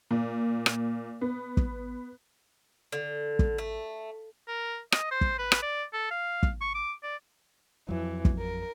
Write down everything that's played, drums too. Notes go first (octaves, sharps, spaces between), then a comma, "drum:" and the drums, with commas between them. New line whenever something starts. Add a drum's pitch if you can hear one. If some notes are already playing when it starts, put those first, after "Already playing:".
A#2
drum: rim click
B3
drum: kick
D3
drum: kick
A3
A#4
D#5, drum: rim click
C5
drum: kick
B4
drum: rim click
D5
A4
F5
drum: kick
C#6
D6
D5
F2 E3 F#3
drum: kick
A#4